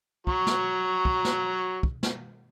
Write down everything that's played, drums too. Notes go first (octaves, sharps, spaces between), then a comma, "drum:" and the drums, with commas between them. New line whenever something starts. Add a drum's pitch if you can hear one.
F#3 A#5 C#6, drum: kick
drum: snare
drum: kick
drum: snare
drum: kick
drum: snare